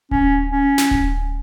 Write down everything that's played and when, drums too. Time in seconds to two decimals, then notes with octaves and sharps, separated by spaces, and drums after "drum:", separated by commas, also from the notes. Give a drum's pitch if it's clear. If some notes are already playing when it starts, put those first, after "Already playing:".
0.11 C#4, drum: kick D1
0.51 C#4
0.78 drum: snare
0.91 drum: kick D1